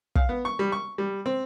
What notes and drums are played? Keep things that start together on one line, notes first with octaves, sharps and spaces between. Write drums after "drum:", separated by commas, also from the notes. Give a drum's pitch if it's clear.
F5, drum: kick
B3
C#6
G3
C#6
G3
C4